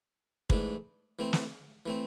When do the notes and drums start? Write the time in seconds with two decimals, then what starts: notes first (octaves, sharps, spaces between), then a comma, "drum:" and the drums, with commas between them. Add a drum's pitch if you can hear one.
0.50 G#2 E3 A3 D4, drum: kick
1.19 E3 A3 C4
1.33 drum: snare
1.86 E3 A3 C4